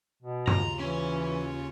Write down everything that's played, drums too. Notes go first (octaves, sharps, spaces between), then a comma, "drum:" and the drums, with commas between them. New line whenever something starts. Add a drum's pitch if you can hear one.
B2
D#2 C#3 F4 A#5, drum: tom
E3 C#4